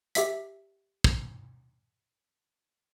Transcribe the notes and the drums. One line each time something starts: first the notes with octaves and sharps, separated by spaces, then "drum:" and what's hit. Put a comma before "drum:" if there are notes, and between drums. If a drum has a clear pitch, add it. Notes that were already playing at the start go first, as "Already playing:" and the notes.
G4 E5 B6, drum: hi-hat
drum: kick